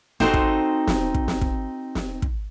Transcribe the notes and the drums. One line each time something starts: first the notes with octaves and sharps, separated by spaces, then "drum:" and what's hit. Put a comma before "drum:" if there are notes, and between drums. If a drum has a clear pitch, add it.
C4 D#4 F#4 A4 C5, drum: snare
drum: kick
drum: snare
drum: kick
drum: snare
drum: kick
drum: snare
drum: kick